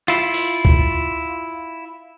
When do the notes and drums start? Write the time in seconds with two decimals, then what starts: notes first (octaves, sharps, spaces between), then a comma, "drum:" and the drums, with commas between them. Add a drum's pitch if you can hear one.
0.08 E4 F4, drum: hi-hat
0.34 drum: open hi-hat
0.65 drum: kick C#2